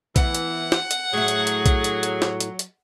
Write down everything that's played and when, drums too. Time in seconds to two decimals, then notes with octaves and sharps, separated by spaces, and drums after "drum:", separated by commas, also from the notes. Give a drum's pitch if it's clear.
0.16 E3 B3 F#5, drum: kick B1, hi-hat
0.35 drum: hi-hat
0.72 drum: snare
0.91 drum: hi-hat
1.13 A2 F#3 E4 G#4
1.28 drum: hi-hat
1.47 drum: hi-hat
1.66 drum: kick B1, hi-hat
1.84 drum: hi-hat
2.03 drum: hi-hat
2.22 drum: snare
2.40 drum: hi-hat
2.59 drum: hi-hat